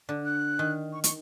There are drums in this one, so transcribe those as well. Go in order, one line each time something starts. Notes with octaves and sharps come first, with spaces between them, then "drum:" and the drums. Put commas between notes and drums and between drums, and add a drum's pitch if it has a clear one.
D3
F#6
D#3
C#6
C#6, drum: hi-hat